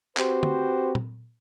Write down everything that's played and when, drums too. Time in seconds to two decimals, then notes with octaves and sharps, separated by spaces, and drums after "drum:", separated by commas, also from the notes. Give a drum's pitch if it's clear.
0.17 C4 F#4 G4 B4 C5, drum: clap
0.43 drum: tom
0.95 drum: tom A#2